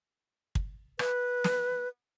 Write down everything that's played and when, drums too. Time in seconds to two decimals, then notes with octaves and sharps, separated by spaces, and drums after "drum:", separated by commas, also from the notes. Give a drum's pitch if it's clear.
0.55 drum: kick
0.99 B4, drum: rim click
1.44 drum: snare